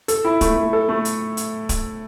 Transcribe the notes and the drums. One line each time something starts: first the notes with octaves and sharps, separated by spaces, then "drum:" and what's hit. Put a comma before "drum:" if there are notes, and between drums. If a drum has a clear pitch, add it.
A4, drum: hi-hat
E4
A3, drum: kick D1, hi-hat
A3
A4
A3
drum: hi-hat
drum: hi-hat
drum: kick D1, hi-hat